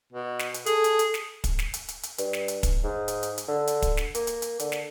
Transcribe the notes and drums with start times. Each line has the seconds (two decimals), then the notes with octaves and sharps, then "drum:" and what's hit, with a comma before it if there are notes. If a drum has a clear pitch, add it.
0.13 B2
0.39 drum: snare
0.54 drum: hi-hat
0.66 G#4 A4, drum: hi-hat
0.84 drum: hi-hat
0.99 drum: hi-hat
1.14 drum: snare
1.44 drum: kick, hi-hat
1.59 drum: snare
1.74 drum: hi-hat
1.88 drum: hi-hat
2.03 drum: hi-hat
2.18 G2, drum: hi-hat
2.33 drum: snare
2.48 drum: hi-hat
2.63 drum: kick, hi-hat
2.84 G#2
3.08 drum: hi-hat
3.23 drum: hi-hat
3.38 drum: hi-hat
3.48 D3
3.67 drum: hi-hat
3.82 drum: kick, hi-hat
3.97 drum: snare
4.15 A#3, drum: hi-hat
4.27 drum: hi-hat
4.42 drum: hi-hat
4.59 D3, drum: hi-hat
4.72 drum: snare